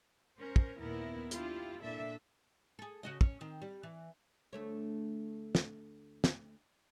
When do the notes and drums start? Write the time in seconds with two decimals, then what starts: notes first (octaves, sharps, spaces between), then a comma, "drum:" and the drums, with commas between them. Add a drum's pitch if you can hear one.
0.39 C#4 A#4 C5
0.56 drum: kick
0.78 D#2 A#2 B3 E4 A#4
1.31 D4 E4 F4 G4, drum: hi-hat
1.81 A#2 D4 A4 E5
2.79 G#4 A4
3.03 C#3 F#4 D#5
3.21 C#4, drum: kick
3.41 D#3 C4
3.62 G3
3.83 E3
4.53 D2 A3 C#5
5.55 drum: snare
6.24 drum: snare